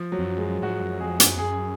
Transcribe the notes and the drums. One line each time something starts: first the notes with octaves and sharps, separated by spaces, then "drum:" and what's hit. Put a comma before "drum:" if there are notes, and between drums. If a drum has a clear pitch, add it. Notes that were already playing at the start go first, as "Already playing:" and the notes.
Already playing: F3
F#3
F2
F#2
G#3
G#2 F#4
F#2
F2 G#4
G#2, drum: hi-hat
F#2
F2
F#2 G#4